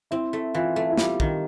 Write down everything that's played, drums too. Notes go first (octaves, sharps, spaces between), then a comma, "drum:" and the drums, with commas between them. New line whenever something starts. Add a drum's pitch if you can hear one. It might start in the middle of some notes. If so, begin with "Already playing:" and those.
C4 E4
A3
E3 F4
A3
E4
G3 F4, drum: snare
D#3, drum: kick